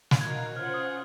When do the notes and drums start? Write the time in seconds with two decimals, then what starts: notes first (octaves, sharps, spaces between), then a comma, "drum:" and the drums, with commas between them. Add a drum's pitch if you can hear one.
0.11 F#6, drum: snare
0.21 D#4 F#4 A#4 F5 G#6
0.39 F#6
0.56 C#4 F4 C5 F#5 F6
0.74 D#6